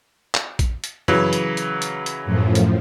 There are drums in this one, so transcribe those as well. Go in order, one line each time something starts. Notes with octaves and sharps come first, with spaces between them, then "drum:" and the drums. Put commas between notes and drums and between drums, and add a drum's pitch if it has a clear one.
drum: clap
drum: kick A#1, hi-hat
drum: hi-hat
C#3 E3 F#3, drum: tom F#2
drum: hi-hat
drum: hi-hat
drum: hi-hat
drum: hi-hat
F#2 A2 F3
drum: hi-hat